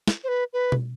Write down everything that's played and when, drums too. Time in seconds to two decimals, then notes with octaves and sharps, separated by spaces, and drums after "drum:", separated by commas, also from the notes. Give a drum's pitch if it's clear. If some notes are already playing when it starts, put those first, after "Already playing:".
0.08 drum: snare
0.24 C5
0.28 B4
0.53 B4
0.72 drum: tom B2